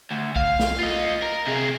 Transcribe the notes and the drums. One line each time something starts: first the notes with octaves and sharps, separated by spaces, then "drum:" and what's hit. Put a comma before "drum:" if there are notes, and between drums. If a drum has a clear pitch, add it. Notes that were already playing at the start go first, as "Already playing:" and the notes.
D2
F5, drum: kick B1
drum: snare
F4 D#5
A#4
C3 G#4